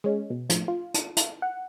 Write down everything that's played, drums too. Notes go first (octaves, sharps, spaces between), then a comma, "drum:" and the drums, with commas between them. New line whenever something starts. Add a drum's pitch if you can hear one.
G#3 C#4
B2
A2 F3, drum: hi-hat
F4
drum: hi-hat
drum: hi-hat
F#5